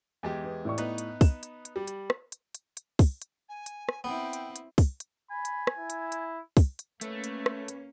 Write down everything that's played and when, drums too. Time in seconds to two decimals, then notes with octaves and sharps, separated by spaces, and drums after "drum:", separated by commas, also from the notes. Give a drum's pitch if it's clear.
0.23 E2 G#3 G4
0.44 B3
0.65 A2 D5 C#6
0.78 B3 D#4 B4, drum: hi-hat
0.98 drum: hi-hat
1.21 E7, drum: kick, open hi-hat
1.43 drum: hi-hat
1.65 drum: hi-hat
1.76 G3
1.88 drum: hi-hat
2.10 drum: rim click
2.32 drum: hi-hat
2.55 drum: hi-hat
2.77 drum: hi-hat
2.99 drum: kick, open hi-hat
3.22 drum: hi-hat
3.49 G#5
3.66 drum: hi-hat
3.89 drum: rim click
4.04 B3 C4 E4 G5
4.33 drum: hi-hat
4.56 drum: hi-hat
4.78 drum: kick, open hi-hat
5.00 drum: hi-hat
5.31 G#5 B5
5.45 drum: hi-hat
5.67 drum: rim click
5.78 E4
5.90 drum: hi-hat
6.12 drum: hi-hat
6.57 drum: kick, open hi-hat
6.79 drum: hi-hat
7.01 A3 A#3 C#4 B4 C#5, drum: hi-hat
7.24 drum: hi-hat
7.46 drum: rim click
7.68 drum: hi-hat